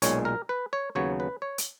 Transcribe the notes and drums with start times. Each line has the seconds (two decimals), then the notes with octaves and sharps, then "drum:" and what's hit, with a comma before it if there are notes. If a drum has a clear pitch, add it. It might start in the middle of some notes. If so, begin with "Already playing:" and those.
0.02 B1 A#2 G#3 C#5, drum: hi-hat
0.25 A#4
0.49 B4
0.73 C#5
0.95 D#2 C#3 F#3 B3 C#5
1.20 B4
1.42 C#5
1.58 drum: hi-hat